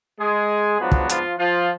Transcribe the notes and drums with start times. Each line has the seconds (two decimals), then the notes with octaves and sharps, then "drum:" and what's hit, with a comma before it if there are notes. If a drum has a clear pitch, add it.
0.20 G#3 G#4
0.79 G#2 F3 F#3 B3 D4 F#4
0.92 drum: kick
1.09 F3 F4, drum: hi-hat
1.39 F3 F4